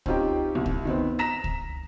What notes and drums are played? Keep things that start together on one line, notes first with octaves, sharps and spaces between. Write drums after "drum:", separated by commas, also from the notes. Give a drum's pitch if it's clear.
C4 C#4 D#4 F4 G4 G5, drum: kick
C2
drum: kick
D#3 B3 C4
A#5 A#6 B6 E7
drum: kick